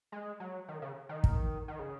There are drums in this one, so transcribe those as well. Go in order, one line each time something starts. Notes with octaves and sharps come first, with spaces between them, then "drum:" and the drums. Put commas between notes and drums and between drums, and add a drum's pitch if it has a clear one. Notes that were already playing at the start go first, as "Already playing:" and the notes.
G#3
F#3
D#3
C#3
D#3
drum: kick
D#3
C#3